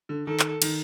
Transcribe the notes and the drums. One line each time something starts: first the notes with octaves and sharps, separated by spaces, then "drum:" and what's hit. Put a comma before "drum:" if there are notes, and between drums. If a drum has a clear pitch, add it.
D3
D#3 A4
drum: clap
D#3, drum: cymbal